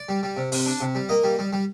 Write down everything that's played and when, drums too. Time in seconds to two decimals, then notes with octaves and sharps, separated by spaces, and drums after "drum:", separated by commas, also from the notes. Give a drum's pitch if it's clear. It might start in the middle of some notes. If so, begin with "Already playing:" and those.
Already playing: D5
0.09 G3
0.23 G3
0.37 C3
0.52 C3, drum: open hi-hat
0.66 D4
0.81 C3
0.95 G3
1.09 A#3 D#5
1.24 G3
1.39 G3
1.53 G3